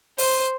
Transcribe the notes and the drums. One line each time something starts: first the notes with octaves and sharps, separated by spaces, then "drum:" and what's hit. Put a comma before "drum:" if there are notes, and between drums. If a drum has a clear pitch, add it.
C5, drum: open hi-hat